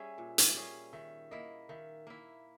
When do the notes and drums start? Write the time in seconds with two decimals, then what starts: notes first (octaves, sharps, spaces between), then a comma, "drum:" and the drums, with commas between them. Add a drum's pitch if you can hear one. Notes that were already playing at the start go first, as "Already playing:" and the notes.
Already playing: G3 C#4 G#4 E5
0.18 A#2
0.38 drum: hi-hat
0.55 G3 C#4 G#4
0.93 D#3 E5
1.31 A#3 E4 D#5
1.69 D#3 E5
2.07 A#3 E4